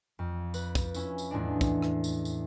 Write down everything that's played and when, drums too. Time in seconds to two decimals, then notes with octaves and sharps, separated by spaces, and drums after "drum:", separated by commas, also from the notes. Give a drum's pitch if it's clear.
0.19 F2
0.54 B4, drum: tambourine
0.75 drum: kick, tambourine
0.95 C#4 E4, drum: tambourine
1.18 drum: tambourine
1.31 E2 A2 G#3 D4
1.61 drum: kick, tambourine
1.82 drum: rim click
2.04 drum: tambourine
2.25 drum: tambourine